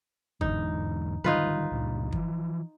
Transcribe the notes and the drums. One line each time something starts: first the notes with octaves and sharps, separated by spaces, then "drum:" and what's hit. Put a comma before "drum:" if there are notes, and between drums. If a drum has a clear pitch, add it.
E2 G#2 D3 D#4, drum: kick
D3 D#3 G3 D#4 F4 B4
C#2 G2 A#2
E3 F3, drum: kick